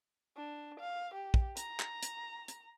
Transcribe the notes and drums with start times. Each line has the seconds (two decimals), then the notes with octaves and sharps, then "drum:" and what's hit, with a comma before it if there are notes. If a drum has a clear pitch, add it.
0.37 D4
0.80 F5
1.14 G4
1.34 drum: kick
1.57 A#5, drum: hi-hat
1.80 drum: clap
2.03 drum: hi-hat
2.48 drum: hi-hat